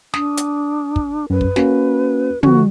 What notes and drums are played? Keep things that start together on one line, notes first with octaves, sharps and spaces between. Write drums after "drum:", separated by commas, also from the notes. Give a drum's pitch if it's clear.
D4 D#6, drum: snare
drum: hi-hat
drum: kick
F#2 B4
drum: kick
A#3 C#4 F#4, drum: snare
D3 F3 F#4, drum: tom